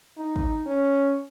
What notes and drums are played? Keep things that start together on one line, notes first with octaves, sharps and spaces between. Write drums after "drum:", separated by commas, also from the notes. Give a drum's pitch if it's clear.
D#4
drum: kick
C#4